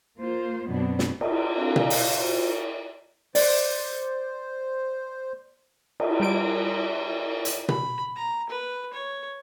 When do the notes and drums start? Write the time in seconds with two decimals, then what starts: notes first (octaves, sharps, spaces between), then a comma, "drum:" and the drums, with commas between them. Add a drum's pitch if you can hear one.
0.17 A#3 F4 C5
0.67 F#2 B2 F#3 B3 C4 D4
0.99 drum: snare
1.21 drum: cymbal
1.57 C4 D4 F#4 A4 F5
1.76 D5 D#5 F5 G#5 A#5, drum: tom B2
1.90 F5, drum: open hi-hat
2.19 F4 F#4 C5
3.35 C5 D5, drum: open hi-hat
6.00 drum: cymbal
6.20 G3 D7
7.45 drum: hi-hat
7.69 B5, drum: tom B2
8.16 A#5
8.50 B4
8.93 C#5